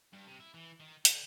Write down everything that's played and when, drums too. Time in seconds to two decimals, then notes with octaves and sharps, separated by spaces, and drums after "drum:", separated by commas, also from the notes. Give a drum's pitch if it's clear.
0.13 G2
0.27 C3
0.40 E4
0.54 E3
0.80 D#3
1.05 D3, drum: hi-hat